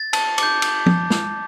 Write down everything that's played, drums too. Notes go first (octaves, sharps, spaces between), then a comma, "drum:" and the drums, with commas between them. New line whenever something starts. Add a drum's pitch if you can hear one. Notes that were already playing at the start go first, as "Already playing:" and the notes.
Already playing: A6
A5, drum: cymbal
D6 G6, drum: cymbal
drum: cymbal
drum: tom F3
drum: snare